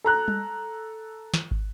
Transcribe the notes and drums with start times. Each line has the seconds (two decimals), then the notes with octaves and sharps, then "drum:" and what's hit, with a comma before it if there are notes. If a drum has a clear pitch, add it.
0.04 A4 A#5 F#6
0.28 drum: tom G3
1.34 drum: snare
1.51 drum: kick